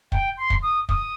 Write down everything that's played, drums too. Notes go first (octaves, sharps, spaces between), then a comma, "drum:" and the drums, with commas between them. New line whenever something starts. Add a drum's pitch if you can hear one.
G5, drum: kick
C6
drum: kick
D#6
D#6, drum: kick